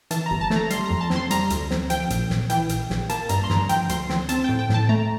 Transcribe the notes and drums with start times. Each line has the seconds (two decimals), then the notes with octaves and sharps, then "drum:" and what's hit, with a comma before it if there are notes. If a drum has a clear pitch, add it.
0.11 E3 A5, drum: hi-hat
0.26 G1 A#5
0.41 A5
0.50 A3, drum: snare
0.56 A#5
0.70 G3 C6, drum: hi-hat
0.86 F2 A#5
1.01 A5
1.10 C4, drum: snare
1.16 C6
1.31 G3 A#5, drum: hi-hat
1.50 D2, drum: hi-hat
1.71 C4, drum: snare
1.90 F3 G5, drum: hi-hat
2.10 A#1, drum: hi-hat
2.30 A#1, drum: snare
2.50 E3 G5, drum: hi-hat
2.69 A#1, drum: hi-hat
2.90 A#1, drum: snare
3.09 A#3 A5, drum: hi-hat
3.29 G2 A#5, drum: hi-hat
3.44 C6
3.50 G2 A#5, drum: snare
3.69 F3 G5, drum: hi-hat
3.89 D2 C6, drum: hi-hat
4.10 C4, drum: snare
4.29 C4 A5, drum: hi-hat
4.44 A2 G5
4.59 G5
4.69 A2 A5, drum: snare
4.89 A3 A#5